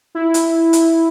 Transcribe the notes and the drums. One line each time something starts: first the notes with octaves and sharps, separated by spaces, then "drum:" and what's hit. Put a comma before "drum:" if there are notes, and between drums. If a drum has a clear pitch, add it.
E4
drum: hi-hat
drum: hi-hat